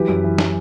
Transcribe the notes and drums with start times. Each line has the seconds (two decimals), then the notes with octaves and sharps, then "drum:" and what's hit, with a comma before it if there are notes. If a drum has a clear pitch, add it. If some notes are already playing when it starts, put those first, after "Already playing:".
Already playing: E3 F#3 G4 B4
0.08 F#2
0.24 E3
0.38 drum: snare